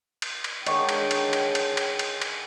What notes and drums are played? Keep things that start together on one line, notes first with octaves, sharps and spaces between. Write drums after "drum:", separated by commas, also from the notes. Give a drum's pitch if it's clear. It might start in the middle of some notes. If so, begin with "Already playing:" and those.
drum: cymbal
drum: cymbal
D3 D#3 G#3 C#5 G5, drum: cymbal
drum: cymbal
drum: cymbal
drum: cymbal
drum: cymbal
drum: cymbal
drum: cymbal
drum: cymbal